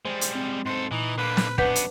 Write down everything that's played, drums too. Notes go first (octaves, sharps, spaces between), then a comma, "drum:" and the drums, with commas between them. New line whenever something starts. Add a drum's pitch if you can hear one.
G3 G#3 C5
drum: hi-hat
C4
G#2 A4 C5
A#2 E3 D#4
D3 A#3 B4
drum: snare
F#2 B3 D4 B4 F#5 G6, drum: kick
drum: hi-hat